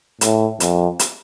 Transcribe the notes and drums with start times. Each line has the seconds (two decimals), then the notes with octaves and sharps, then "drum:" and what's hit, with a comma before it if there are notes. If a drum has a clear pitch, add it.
0.21 A2, drum: hi-hat
0.60 F2, drum: hi-hat
0.99 drum: hi-hat